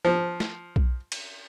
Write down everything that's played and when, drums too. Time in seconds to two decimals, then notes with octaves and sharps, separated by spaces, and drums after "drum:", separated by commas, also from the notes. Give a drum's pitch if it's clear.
0.05 F3
0.40 drum: snare
0.76 drum: kick B1
1.12 drum: cymbal